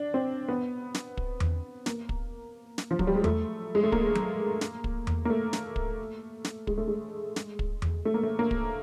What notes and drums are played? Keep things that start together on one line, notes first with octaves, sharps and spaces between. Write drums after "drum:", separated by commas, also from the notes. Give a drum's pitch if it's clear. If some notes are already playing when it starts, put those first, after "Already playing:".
Already playing: D4
C4
B3
drum: snare
drum: kick
drum: tom E2
A#3, drum: snare
drum: kick
drum: snare
F3
F#3, drum: kick
G3
G#3
A3, drum: tom E2
G#3
A3
A#3, drum: kick
drum: tom F#3
drum: snare
drum: kick
drum: tom E2
A#3
A3
drum: snare
drum: kick
drum: snare
G#3, drum: kick
A3
G#3
drum: snare
drum: kick
drum: tom E2
A3
A#3
A3
A#3
drum: kick